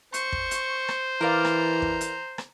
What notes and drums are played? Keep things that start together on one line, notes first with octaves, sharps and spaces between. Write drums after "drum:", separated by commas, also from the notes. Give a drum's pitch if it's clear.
C5 C#6, drum: hi-hat
drum: kick
drum: hi-hat
drum: rim click
E3 A#4 D5 F5 A#5
drum: rim click
drum: kick
drum: hi-hat
drum: rim click